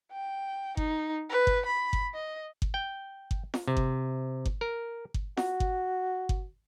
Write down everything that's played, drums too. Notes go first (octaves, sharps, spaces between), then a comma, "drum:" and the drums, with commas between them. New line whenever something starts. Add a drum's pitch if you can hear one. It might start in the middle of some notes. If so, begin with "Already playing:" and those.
G5
D#4, drum: kick G1
B4
drum: kick G1
B5
drum: kick G1
D#5
drum: kick G1
G5
drum: kick G1
drum: snare
C3
drum: kick G1
drum: kick G1
A#4
drum: kick G1
F#4, drum: snare
drum: kick G1
drum: kick G1